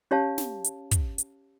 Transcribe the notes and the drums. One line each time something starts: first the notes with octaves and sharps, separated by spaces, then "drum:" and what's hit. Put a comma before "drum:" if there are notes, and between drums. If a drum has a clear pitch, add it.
C#4 G4 C#5 F5 A5
drum: snare
drum: hi-hat
drum: kick, hi-hat
drum: hi-hat